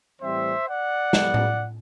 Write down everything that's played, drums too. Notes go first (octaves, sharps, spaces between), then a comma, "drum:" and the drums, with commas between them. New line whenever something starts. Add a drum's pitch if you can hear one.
A2 E3 G3 C4 C5 E5
D5 F#5
A2 G3 B3, drum: snare
drum: tom A2